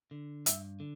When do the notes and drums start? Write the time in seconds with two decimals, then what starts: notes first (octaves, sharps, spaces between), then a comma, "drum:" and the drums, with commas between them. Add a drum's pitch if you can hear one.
0.11 D3
0.46 G2 E5, drum: hi-hat
0.80 D3